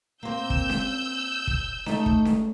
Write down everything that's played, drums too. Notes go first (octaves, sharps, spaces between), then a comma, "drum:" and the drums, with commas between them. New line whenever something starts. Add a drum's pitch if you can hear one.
A#3 C4 E6 G6
drum: kick
drum: snare C#4
drum: kick
A3 D#4, drum: snare C#4
drum: kick
drum: snare C#4